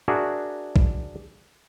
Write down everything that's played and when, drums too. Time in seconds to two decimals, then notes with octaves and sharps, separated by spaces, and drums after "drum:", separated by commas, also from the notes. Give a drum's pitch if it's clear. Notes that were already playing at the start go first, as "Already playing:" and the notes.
0.08 D4 F#4 G#4 A#4 E5
0.76 drum: kick